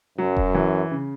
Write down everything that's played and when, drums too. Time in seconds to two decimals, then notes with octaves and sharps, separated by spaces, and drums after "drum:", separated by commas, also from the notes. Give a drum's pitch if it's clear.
0.18 F#2 F#3
0.37 drum: kick E1
0.55 E3
0.91 C#3